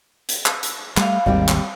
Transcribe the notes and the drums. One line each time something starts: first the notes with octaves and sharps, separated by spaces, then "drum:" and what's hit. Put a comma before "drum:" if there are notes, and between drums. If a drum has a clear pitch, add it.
drum: hi-hat
drum: clap
drum: hi-hat
G3 A3 F5 B5, drum: clap
G#1 D#2 G3 C4 G4
drum: clap